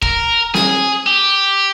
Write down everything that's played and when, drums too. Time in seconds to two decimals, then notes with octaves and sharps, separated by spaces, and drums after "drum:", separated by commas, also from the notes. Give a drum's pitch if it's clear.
0.02 A#4, drum: kick
0.54 G#4, drum: snare
1.07 G4